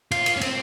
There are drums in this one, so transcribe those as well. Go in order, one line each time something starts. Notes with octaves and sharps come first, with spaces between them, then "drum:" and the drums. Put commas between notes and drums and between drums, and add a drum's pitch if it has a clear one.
F4, drum: cymbal
drum: cymbal
C#4
C4, drum: cymbal